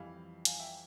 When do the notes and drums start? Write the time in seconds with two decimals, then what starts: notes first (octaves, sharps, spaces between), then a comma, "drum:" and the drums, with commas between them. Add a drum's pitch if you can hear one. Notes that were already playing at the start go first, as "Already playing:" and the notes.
Already playing: F2 E3 G3 F5
0.45 F5 G#5, drum: hi-hat
0.59 E5 G5